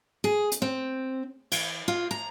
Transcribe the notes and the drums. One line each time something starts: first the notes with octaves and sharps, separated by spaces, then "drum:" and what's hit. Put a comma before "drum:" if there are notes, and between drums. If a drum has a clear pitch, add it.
G#4
drum: hi-hat
C4
E3, drum: cymbal
F4
A#5